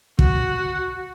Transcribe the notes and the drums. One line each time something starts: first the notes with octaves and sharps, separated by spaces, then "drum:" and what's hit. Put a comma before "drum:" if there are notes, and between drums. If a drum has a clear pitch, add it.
F#4, drum: kick